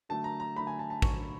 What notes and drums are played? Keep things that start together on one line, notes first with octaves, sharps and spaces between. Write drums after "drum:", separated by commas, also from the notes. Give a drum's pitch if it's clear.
D3 F#3 A3 A5
A#5
A#5
D3 F#3 A3 B5
G#5
A5
A5
D3 F#3 A3 C#6, drum: kick